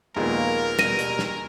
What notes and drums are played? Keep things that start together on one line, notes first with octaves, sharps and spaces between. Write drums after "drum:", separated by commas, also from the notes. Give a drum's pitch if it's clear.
D#2 A#2 F3 G#3 A#3 B3 A#4
B2 G3 A#6 D#7, drum: snare
drum: hi-hat
drum: snare